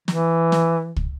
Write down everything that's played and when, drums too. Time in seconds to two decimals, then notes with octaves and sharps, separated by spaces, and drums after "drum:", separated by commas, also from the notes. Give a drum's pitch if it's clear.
0.08 E3, drum: snare
0.52 drum: snare
0.96 drum: kick